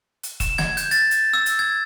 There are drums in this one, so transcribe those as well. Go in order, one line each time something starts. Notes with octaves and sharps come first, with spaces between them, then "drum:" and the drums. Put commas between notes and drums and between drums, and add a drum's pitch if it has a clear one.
drum: hi-hat
E7, drum: kick E1, hi-hat
G#6, drum: snare
G6, drum: hi-hat
A6, drum: hi-hat
drum: hi-hat
E6
drum: hi-hat
G#6